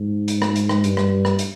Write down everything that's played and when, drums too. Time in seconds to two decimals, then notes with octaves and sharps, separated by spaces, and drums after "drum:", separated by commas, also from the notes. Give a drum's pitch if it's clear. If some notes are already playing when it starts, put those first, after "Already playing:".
Already playing: G#2
0.28 drum: hi-hat
0.42 drum: rim click
0.56 drum: hi-hat
0.69 drum: rim click
0.84 G2, drum: hi-hat
0.97 drum: rim click
1.25 drum: rim click
1.39 drum: hi-hat